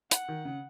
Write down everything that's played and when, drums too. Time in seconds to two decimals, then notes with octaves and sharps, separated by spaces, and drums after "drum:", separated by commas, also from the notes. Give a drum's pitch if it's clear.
0.11 F#5, drum: hi-hat
0.28 D#3
0.45 C#3